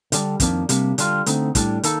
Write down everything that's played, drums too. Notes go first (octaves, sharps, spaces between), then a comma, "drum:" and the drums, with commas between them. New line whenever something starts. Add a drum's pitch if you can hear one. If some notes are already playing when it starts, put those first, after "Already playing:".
D3 G3 D4, drum: hi-hat
F2 D#3 A#3 D4, drum: kick, hi-hat
C3 G3 A#3 D4, drum: hi-hat
D3 G3 D4 F4, drum: hi-hat
D3 A3 C4 D#4, drum: hi-hat
A2 G3 D4, drum: kick, hi-hat
D#3 A#3 D#4 A4, drum: hi-hat